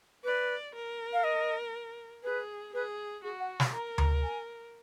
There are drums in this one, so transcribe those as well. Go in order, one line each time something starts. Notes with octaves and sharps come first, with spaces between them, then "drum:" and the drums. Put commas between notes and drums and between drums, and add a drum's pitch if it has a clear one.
B4 D5
A#4
F5
D#5
G#4 B4
G#4 B4
F#4 G#4
F#5
drum: snare
A#4 A#5
A#5, drum: tom D2
G#5